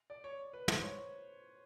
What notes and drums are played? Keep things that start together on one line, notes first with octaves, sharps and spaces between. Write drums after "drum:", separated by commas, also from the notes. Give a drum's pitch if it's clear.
D5
C#5
B4
C5, drum: tom
C#5